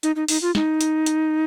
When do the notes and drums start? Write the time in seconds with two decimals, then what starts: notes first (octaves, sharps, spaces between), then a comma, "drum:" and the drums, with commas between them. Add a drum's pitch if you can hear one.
0.03 D#4, drum: hi-hat
0.16 D#4
0.28 D#4, drum: open hi-hat
0.42 F4
0.55 D#4, drum: snare
0.81 drum: hi-hat
1.06 drum: hi-hat